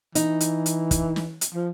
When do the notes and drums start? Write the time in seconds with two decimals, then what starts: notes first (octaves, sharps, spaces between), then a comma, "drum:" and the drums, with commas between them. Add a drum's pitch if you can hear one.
0.15 E3 D#4, drum: hi-hat
0.40 drum: hi-hat
0.66 drum: hi-hat
0.91 drum: kick, hi-hat
1.16 drum: snare
1.41 drum: hi-hat
1.54 F3